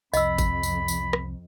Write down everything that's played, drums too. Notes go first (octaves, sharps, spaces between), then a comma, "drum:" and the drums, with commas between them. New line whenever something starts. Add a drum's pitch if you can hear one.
C2 F2 D#5 B5 E6, drum: tambourine
drum: kick G#1, tambourine
drum: tambourine
drum: tambourine
drum: rim click